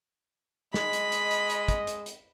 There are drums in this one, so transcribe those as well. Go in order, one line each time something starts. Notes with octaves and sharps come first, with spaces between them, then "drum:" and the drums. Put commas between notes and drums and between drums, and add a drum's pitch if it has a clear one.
G#3 D#5 B5, drum: snare
drum: hi-hat
drum: hi-hat
drum: hi-hat
drum: hi-hat
drum: kick, hi-hat
drum: hi-hat
drum: hi-hat